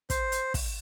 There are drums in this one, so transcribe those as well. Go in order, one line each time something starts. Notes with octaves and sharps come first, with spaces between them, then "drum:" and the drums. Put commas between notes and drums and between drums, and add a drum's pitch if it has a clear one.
C5, drum: kick, hi-hat
drum: hi-hat
drum: kick, open hi-hat